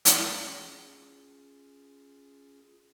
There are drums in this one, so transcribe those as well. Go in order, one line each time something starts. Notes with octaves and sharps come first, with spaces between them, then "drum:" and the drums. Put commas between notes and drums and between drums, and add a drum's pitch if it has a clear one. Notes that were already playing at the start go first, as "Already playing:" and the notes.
C#4 F4 G#4, drum: hi-hat